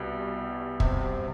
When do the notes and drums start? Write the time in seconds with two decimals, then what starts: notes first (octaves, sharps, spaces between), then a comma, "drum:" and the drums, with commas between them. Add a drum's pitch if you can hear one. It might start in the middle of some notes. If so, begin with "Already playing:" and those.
Already playing: C2 B2 G3
0.80 C3, drum: kick